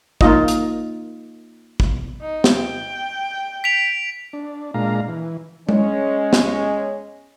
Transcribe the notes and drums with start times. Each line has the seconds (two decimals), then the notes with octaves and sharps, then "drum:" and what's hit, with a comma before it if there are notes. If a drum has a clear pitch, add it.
0.21 A#3 D#4 F4 D#5, drum: kick
0.48 drum: hi-hat
1.80 drum: kick
2.21 D#4
2.44 drum: snare
2.53 G5
3.64 B6 D7 F7
4.33 D4
4.74 A#2 G#3 D4 F5 A#5
5.08 E3
5.69 G#3 C#4, drum: tom G#3
6.33 drum: snare